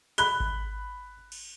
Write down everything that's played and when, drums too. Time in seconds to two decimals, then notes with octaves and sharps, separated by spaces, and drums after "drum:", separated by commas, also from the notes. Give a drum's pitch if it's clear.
0.18 B5 F#6 G7, drum: hi-hat
0.40 drum: kick G#1
1.32 drum: cymbal